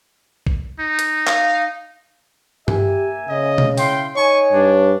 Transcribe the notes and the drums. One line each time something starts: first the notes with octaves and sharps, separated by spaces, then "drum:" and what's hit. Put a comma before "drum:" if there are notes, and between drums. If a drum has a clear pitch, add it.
drum: kick
D#4
drum: hi-hat
F5, drum: clap
A#3 G4 E5 G#5, drum: tom G2
C#3 D#5
drum: tom B2
E4 F5 G5 C6, drum: open hi-hat
D#4 C#5 G#5 C#6
G2 D4